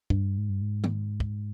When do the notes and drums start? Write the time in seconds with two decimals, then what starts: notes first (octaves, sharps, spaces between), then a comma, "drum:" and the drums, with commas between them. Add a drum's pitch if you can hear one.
0.10 G2, drum: kick
0.38 G#2
0.49 G2
0.62 G#2
0.84 drum: tom D#3
1.20 drum: kick